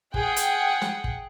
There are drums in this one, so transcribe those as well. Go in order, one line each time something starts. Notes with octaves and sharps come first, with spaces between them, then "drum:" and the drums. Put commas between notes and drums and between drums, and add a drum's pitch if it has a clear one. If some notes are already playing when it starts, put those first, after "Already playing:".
G#4 F#5 G5, drum: kick
drum: hi-hat
drum: snare
drum: kick